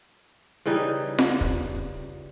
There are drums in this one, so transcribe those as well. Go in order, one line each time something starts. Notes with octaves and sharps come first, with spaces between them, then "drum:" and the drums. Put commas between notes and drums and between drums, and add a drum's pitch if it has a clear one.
C#3 E3 G3 D#4
drum: snare F4
drum: kick